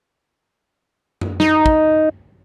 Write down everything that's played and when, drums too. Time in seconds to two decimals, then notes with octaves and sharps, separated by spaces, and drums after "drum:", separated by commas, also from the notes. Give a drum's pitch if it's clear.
1.21 drum: tom F#2
1.40 D#4, drum: snare
1.66 drum: kick